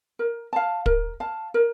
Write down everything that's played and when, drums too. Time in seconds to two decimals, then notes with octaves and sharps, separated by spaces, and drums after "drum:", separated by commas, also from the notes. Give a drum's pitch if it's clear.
0.19 A#4
0.53 F5 A5
0.86 A#4, drum: kick
1.20 F5 A5
1.54 A#4